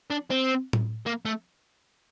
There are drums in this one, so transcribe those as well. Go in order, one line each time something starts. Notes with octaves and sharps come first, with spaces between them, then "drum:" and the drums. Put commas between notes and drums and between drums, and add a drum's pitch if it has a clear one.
D4
C4
drum: tom A2
A#3
A3